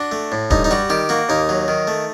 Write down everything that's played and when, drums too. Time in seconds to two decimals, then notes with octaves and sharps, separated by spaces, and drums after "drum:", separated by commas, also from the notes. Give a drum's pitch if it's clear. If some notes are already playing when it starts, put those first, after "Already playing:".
Already playing: D4 F#4
0.12 A3
0.32 A2
0.51 G2 D#4, drum: kick D1
0.64 D#4
0.71 G3 F#4
0.90 D#3 G4
1.09 A#3 F#4
1.29 D#2 D#4
1.49 F#3
1.68 D#3
1.87 A3